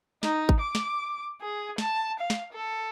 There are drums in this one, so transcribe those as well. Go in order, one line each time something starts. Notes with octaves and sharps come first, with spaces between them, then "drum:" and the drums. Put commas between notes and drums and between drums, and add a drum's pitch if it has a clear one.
D#4, drum: snare
drum: kick G#1
D6
drum: snare
G#4
A5, drum: snare
F5
drum: snare
A4